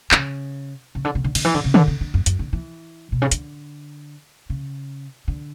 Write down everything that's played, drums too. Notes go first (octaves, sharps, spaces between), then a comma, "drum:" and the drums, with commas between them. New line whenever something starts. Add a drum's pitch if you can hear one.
D3, drum: clap
C#3
C#3
D3
C#3
D3
D3, drum: cymbal
E3
D3
C#3
D3, drum: tom D3
C#3
D3
F#2
F#2, drum: hi-hat
D3
E3
B2
C#3
D3, drum: hi-hat
C#3
D3